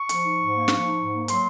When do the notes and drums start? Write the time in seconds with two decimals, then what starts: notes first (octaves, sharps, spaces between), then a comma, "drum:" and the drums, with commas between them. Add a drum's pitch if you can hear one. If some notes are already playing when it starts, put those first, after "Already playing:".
Already playing: C#6
0.09 F3, drum: hi-hat
0.24 D#4
0.38 G#2
0.53 A#3
0.68 F3, drum: snare
0.84 D#4
0.98 G#2
1.13 A#3
1.28 F#3 C6, drum: hi-hat